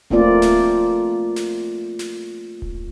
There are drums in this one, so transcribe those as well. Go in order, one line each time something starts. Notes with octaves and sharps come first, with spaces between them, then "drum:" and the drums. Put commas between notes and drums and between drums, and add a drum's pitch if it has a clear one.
A3 A#3 C4 F4 D5, drum: kick D1
drum: snare
drum: snare
drum: snare
drum: kick D1